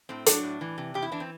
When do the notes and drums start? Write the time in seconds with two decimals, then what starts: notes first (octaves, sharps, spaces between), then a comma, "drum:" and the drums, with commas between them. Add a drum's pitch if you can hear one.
0.09 A2 C4
0.26 F#3 D4, drum: hi-hat
0.43 A2
0.61 E3
0.78 C3
0.94 E2 G4
1.02 E4
1.12 E3 D4
1.20 C4